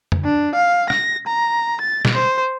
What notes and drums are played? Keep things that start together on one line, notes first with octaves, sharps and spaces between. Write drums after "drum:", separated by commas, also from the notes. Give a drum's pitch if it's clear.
drum: tom
D4
F5
A#6, drum: rim click
A#5
A6
drum: snare
C5